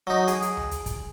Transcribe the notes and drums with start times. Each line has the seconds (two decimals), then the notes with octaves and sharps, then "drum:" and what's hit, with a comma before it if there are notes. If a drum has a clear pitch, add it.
0.07 F#3 D#4
0.28 G#4, drum: hi-hat
0.42 drum: hi-hat
0.57 drum: tom D2
0.71 drum: hi-hat
0.86 drum: kick, hi-hat